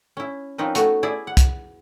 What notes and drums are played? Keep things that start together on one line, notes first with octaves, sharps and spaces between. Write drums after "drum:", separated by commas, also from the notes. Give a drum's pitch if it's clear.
C#4 E4
F3 C4 C#4 D#4 A#4 B4
A3 B3 F#4, drum: hi-hat
E4 G#4 D5
F#5
drum: kick, hi-hat